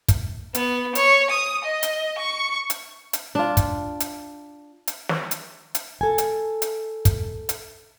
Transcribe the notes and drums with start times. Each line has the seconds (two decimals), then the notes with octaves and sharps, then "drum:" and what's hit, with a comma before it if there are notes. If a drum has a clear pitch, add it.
0.08 drum: kick, hi-hat
0.55 B3, drum: hi-hat
0.95 C#5, drum: hi-hat
1.30 D#6
1.64 D#5
1.83 drum: hi-hat
2.18 C#6
2.70 drum: hi-hat
3.13 drum: hi-hat
3.35 D4 F4
3.57 drum: kick, hi-hat
4.00 drum: hi-hat
4.87 drum: hi-hat
5.09 drum: snare
5.31 drum: hi-hat
5.75 drum: hi-hat
6.01 A4 G#5
6.18 drum: hi-hat
6.62 drum: hi-hat
7.05 drum: kick, hi-hat
7.49 drum: hi-hat